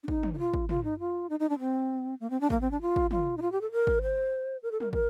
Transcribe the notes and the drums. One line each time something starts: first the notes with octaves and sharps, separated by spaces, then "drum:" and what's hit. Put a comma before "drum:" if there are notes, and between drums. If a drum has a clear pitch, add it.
D4
D#4, drum: kick
drum: tom
D#4
F4
drum: kick
F4, drum: tom
D#4
F4
D#4
D#4
D4
C4
A#3
C4
D4
A#3, drum: kick
C4
D4
F4
drum: kick
F4, drum: tom
D#4
F4
G4
A4
A#4
drum: kick
C5
A#4
A4
A#4, drum: tom
A#4, drum: kick